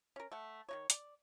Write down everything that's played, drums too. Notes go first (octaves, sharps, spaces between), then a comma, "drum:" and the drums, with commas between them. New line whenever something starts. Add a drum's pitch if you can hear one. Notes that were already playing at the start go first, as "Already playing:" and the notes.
C#4 A#4
A3 F#5
D#3 D#4 C#5
D5, drum: hi-hat